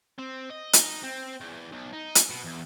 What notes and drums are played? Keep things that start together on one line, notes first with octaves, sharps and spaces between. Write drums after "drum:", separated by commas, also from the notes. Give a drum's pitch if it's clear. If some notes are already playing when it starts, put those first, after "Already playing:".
C4
D#5
D#4, drum: hi-hat
C4
E2
B1
D#4
drum: hi-hat
B2
E2